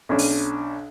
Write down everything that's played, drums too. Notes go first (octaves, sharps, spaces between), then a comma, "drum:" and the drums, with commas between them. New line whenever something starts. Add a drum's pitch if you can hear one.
B1 C#4 D4
drum: open hi-hat